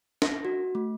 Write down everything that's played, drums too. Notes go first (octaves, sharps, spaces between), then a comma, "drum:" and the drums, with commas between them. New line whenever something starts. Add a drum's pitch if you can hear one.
A#6, drum: snare
F#4
A3